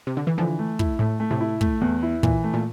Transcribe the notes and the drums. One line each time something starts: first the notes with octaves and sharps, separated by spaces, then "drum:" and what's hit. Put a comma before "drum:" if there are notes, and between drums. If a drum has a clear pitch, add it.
C3
D3
E3
D3 E3 F3
A3
E4, drum: kick
A2 A3
A3
A2 C3
E4
A3, drum: kick
E2
E4
A#2 E3, drum: kick
A3
A#2